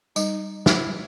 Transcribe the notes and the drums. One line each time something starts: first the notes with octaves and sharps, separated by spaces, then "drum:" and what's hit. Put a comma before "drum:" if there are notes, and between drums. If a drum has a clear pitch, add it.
G3 D#4, drum: tambourine
E4, drum: snare